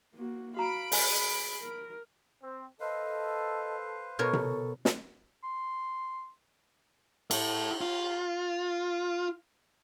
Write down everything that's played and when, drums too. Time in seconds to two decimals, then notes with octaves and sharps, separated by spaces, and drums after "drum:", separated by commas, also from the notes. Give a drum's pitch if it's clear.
0.14 A#3 F#4
0.57 F#4 F5 A#5 B5 D7
0.92 G#4 C#5 G#5, drum: open hi-hat
1.62 A#4
2.43 C4
2.80 A4 B4 C5 D#5 F5
4.19 B2 A4 A#4 C#5
4.33 drum: tom C3
4.85 drum: snare
5.44 C6
7.31 E4 A4, drum: cymbal
7.81 F4